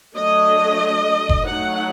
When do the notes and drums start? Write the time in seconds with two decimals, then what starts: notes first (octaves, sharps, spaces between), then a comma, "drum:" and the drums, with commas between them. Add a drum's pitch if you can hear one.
0.15 F#3 A3 D4 D#5
1.29 drum: kick F1
1.46 F#3 A3 D#4 F#5